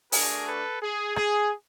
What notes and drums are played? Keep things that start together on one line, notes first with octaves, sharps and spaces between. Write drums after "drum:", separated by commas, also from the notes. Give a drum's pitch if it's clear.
A3 D4 F#4 G#4 A#4, drum: open hi-hat
A4 B4
G#4
G#4, drum: rim click